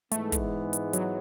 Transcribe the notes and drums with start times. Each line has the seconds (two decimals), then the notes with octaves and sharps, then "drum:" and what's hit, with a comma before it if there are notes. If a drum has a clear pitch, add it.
0.11 G#2 E3 G#3 A3 B3, drum: hi-hat
0.32 drum: kick, hi-hat
0.73 drum: hi-hat
0.93 F#3, drum: hi-hat